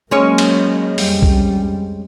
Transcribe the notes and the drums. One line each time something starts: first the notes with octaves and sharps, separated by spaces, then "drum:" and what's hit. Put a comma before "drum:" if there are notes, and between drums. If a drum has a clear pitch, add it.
F#3 G#3 A#3 C#4 C#5
drum: cymbal
F2 G3, drum: open hi-hat
drum: kick